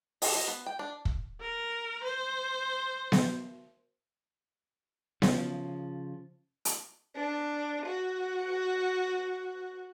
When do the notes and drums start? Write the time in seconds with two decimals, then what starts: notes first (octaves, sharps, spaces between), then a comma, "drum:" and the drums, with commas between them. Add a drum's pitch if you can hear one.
0.22 D#5, drum: open hi-hat
0.35 D#5
0.48 B3
0.66 G5
0.79 D4
1.05 drum: kick
1.41 A#4
2.04 C5
3.12 drum: snare B3
5.22 C#3 F3, drum: snare B3
6.65 drum: hi-hat
7.16 D4
7.86 F#4